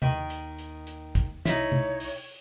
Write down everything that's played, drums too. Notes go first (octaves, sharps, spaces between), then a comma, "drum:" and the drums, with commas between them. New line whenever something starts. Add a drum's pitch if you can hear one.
D#2 D#3, drum: tom C3
drum: hi-hat
drum: hi-hat
drum: hi-hat
drum: kick, hi-hat
C2 D#4 E4 C#5, drum: snare
drum: tom C3
drum: open hi-hat